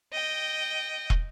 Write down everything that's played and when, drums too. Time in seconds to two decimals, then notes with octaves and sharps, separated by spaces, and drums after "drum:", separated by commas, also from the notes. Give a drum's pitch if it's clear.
0.13 D#5 G5
1.10 drum: kick